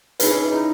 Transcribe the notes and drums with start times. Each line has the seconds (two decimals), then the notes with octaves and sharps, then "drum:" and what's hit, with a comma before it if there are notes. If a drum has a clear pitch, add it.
0.20 C#4 D#4 G#4 B4, drum: hi-hat
0.30 C#4
0.45 E4
0.52 D#4